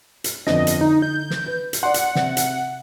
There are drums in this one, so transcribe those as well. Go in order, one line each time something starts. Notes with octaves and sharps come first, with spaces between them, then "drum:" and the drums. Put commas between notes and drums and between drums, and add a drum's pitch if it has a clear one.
drum: hi-hat
G1 F2 D4 D#5, drum: snare
drum: hi-hat
D3 D#4
G6
drum: snare
B4
drum: hi-hat
D5 F#5 C6
drum: hi-hat
C3, drum: snare
drum: hi-hat